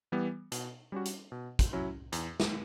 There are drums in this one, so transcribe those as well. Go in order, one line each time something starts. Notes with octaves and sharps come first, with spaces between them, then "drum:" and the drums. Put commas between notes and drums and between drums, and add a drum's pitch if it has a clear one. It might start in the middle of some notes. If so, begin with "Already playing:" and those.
E3 G3 B3
B2, drum: hi-hat
G3 C#4 F#4
drum: hi-hat
B2
drum: kick, hi-hat
F#3 C#4 E4
E2, drum: hi-hat
drum: snare